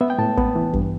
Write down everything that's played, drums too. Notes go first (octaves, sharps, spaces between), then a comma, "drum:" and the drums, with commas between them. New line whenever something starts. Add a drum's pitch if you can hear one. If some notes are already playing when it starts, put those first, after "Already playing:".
B3 E5
G5
A2 A5
B3, drum: kick
E3
G2, drum: kick